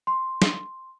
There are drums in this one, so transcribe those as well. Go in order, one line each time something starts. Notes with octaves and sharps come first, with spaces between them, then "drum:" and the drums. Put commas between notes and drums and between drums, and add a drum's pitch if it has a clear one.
C6
drum: snare